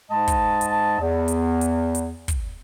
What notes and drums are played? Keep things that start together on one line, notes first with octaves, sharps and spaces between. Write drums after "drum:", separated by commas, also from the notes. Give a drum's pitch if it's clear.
G#2 G#3 D#5 A5
drum: kick, hi-hat
drum: hi-hat
E2
drum: hi-hat
drum: hi-hat
drum: hi-hat
drum: kick, hi-hat